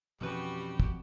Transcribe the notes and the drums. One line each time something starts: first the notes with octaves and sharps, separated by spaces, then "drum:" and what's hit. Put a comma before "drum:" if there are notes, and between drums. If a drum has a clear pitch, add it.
F2 B2 E3 G3 C#4 F#4 G4 B4
drum: kick